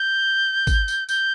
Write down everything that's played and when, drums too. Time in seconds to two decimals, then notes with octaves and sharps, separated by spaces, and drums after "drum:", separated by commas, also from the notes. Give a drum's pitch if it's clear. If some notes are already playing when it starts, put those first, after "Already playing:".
Already playing: G6
0.67 drum: kick, tambourine
0.88 drum: tambourine
1.09 G6, drum: tambourine